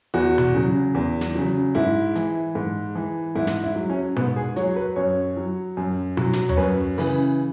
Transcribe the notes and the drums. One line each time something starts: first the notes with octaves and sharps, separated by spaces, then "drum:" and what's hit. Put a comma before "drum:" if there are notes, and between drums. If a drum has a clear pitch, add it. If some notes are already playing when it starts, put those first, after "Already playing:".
E2 F#4
drum: tom B2
C#3 F#3
E2
drum: snare
C#3 F#3
G#2 E4
E3, drum: hi-hat
G#2
E3
G#2 E4
drum: snare
E4
F#3
C#4
G#2 B3, drum: tom B2
G#4
F#3 C#5, drum: hi-hat
B4
F#2 C#5
F#3
F#2
F#3, drum: tom B2
drum: snare
C#5, drum: tom D#2
F#2 B4
C#3 E3 B4, drum: open hi-hat